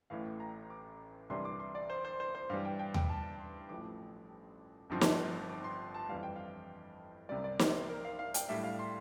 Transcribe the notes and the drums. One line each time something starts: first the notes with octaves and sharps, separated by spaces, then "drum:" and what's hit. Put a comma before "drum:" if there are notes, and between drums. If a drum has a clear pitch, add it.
A1 A2 E3 F5
A#5
D6
C2 C3 E3 G3 D4 C6
D6
C6
D5
C5
C5
C5
C5
G2 E3 G3 F5
G5
G5
G5, drum: tom D#2
A5
C6
A1 A2 F3 D6
G1 G2 F3 C4
drum: snare
D6
C6
A5
F2 E3 G3 F5
G5
F5
C2 C3 G3 D5
D5
C5, drum: snare
A#4
F5
F5
G5, drum: hi-hat
A2 G3 D4 E5
F5
C6